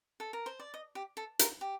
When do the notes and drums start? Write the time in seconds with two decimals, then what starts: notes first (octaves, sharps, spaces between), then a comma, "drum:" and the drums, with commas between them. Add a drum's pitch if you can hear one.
0.20 A4
0.33 A#4
0.46 C5
0.60 D5
0.74 D#5
0.95 G4
1.17 A4
1.39 A#4, drum: hi-hat
1.61 G4